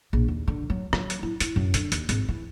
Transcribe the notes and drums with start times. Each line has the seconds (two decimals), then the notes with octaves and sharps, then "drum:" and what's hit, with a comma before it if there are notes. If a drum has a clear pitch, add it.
0.13 A#1
0.28 D#2
0.48 D3
0.70 F#3
0.93 F#3, drum: rim click
1.10 drum: hi-hat
1.23 E4
1.40 E4, drum: hi-hat
1.56 F#2
1.74 D3, drum: hi-hat
1.92 D#2, drum: hi-hat
2.09 G#1, drum: hi-hat
2.29 E3